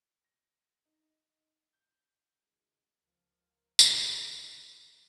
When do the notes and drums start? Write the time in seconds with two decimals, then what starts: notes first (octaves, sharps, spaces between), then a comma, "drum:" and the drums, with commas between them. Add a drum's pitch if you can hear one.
0.24 A#6
0.86 D#4
1.73 G6
2.42 G#1 C#2 G#3
3.02 C#2 F3 A#4
3.79 drum: tambourine
3.92 B2 D3 G3
4.65 F#3